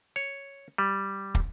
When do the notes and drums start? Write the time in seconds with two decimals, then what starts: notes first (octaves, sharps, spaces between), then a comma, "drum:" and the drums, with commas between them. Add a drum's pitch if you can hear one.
0.16 C#5
0.78 G3
1.35 drum: kick